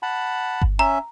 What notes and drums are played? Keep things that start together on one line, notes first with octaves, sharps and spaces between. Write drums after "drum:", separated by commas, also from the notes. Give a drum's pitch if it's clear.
F#5 A5 B5
drum: kick G1
C#4 E5 A#5